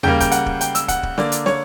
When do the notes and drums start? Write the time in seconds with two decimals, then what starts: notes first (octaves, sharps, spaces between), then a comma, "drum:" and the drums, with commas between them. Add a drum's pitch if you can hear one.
0.03 C#3 G3 A#3 G5, drum: tom D#2
0.20 G5, drum: kick, hi-hat
0.31 F#5, drum: hi-hat
0.46 drum: kick
0.61 G5, drum: hi-hat
0.75 E6, drum: hi-hat
0.88 F#5, drum: kick, hi-hat
1.03 drum: kick
1.18 D3 A#3 D5, drum: snare
1.32 drum: hi-hat
1.46 C#5, drum: snare